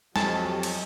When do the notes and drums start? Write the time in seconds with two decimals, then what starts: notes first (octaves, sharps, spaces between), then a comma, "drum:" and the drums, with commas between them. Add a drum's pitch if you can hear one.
0.16 F2 F#3 G4 D#5 G#5 A5, drum: snare
0.63 drum: cymbal